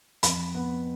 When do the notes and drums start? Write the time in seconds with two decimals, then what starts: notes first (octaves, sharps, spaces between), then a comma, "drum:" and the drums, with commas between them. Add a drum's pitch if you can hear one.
0.23 F2 B5, drum: hi-hat
0.55 B3